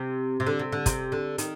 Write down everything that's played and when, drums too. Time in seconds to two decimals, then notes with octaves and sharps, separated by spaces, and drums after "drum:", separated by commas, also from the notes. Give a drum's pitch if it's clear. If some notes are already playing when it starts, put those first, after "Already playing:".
Already playing: C3
0.40 C3
0.47 D3
0.59 C3
0.72 D3
0.86 C3, drum: kick, hi-hat
1.12 D3
1.38 D#3, drum: hi-hat